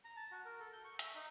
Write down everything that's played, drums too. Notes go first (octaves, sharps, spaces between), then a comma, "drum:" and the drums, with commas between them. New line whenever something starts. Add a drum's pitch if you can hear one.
A#5
A5
F#4
A#4
A4
G6
C#6
E5, drum: hi-hat
D#4